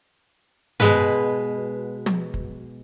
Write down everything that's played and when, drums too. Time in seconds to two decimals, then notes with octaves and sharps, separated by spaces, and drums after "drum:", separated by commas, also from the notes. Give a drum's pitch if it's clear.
0.80 B2 G#3 B4, drum: tom G2
2.06 drum: tom
2.34 drum: kick